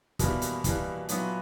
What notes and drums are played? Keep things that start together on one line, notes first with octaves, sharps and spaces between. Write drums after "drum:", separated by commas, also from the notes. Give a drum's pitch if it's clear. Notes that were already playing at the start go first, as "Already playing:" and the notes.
B2 E3 G3 A#3 E4 A#4, drum: kick, hi-hat
drum: hi-hat
E3 G3 A#3 E4 A#4, drum: kick, hi-hat
A#2 F#3 B3 E4, drum: hi-hat